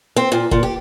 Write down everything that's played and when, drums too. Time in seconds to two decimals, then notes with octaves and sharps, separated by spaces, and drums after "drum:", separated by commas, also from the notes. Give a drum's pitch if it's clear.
0.16 C4
0.32 A#2
0.51 A#2, drum: kick
0.63 G4